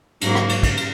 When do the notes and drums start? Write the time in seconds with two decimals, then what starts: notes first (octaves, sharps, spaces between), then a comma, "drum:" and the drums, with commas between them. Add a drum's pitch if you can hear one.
0.21 G#2 F#3 A#3, drum: cymbal
0.35 drum: rim click
0.49 drum: cymbal
0.63 drum: kick, cymbal
0.77 drum: cymbal